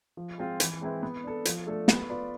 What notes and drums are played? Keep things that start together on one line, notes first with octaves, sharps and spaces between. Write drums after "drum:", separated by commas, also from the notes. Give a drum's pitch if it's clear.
F3
G#3 C4 F4
E3, drum: hi-hat
G#3 C4 E4 B4
B3
D4 A4
F3, drum: hi-hat
A3 D4 A4
B3, drum: snare
F4 B4 D5